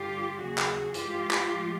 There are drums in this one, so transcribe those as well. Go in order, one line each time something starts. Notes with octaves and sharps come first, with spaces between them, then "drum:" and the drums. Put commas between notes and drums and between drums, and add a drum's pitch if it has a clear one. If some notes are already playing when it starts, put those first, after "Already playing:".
Already playing: G2 D3 G3 F4 G4
D#2 C#3 F#3 F#4 G#4
drum: clap
G2 E3 G#3 F4 G4, drum: hi-hat
drum: clap
A2 F3 G#3